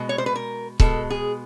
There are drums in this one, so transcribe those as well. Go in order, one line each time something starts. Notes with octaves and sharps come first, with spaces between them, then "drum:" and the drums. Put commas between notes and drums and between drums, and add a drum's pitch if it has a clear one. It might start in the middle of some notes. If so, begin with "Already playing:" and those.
Already playing: B2 G#3
C#5
C5
B4
A#4
B2 G#3 A4, drum: kick C#1
G#4